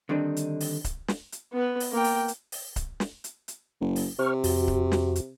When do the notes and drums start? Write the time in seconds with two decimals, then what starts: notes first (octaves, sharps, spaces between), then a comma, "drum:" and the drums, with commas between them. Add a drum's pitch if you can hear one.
0.09 D3 D#3 G3 C4 D4 D#4
0.37 drum: hi-hat
0.60 drum: open hi-hat
0.84 drum: kick C#1, hi-hat
1.08 drum: snare
1.32 drum: hi-hat
1.53 B3 B4
1.80 drum: open hi-hat
1.92 A#3 G5
2.04 drum: open hi-hat
2.28 drum: hi-hat
2.52 drum: open hi-hat
2.76 drum: kick C#1, hi-hat
3.00 drum: snare
3.24 drum: hi-hat
3.48 drum: hi-hat
3.80 F#1
3.96 drum: open hi-hat
4.19 C3 C5 C#6 F6
4.44 F2 F#4, drum: open hi-hat
4.68 drum: kick C#1
4.92 drum: snare
5.16 drum: hi-hat